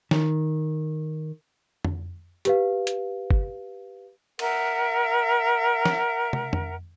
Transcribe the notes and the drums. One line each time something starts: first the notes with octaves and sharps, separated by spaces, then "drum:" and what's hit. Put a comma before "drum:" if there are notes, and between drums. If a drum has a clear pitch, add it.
D#3, drum: snare
drum: tom F2
G4 B4 F5, drum: hi-hat
drum: hi-hat
drum: kick
A#4 E5 F#5, drum: cymbal
drum: snare
drum: tom
drum: tom F2